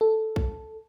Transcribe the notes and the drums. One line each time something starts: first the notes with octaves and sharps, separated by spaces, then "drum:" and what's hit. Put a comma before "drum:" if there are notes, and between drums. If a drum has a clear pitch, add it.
A4
drum: kick A#1